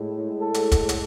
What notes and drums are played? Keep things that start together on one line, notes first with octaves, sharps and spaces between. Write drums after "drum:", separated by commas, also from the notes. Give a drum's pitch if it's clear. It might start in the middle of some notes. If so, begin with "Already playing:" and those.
Already playing: A2 G#3
A4
drum: hi-hat
drum: kick, hi-hat
drum: hi-hat